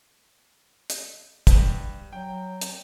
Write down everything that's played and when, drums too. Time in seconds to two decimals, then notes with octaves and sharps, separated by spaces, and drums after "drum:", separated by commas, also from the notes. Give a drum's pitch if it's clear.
0.90 drum: hi-hat
1.47 G2 B3, drum: kick, hi-hat
2.13 F#3 G5
2.61 drum: hi-hat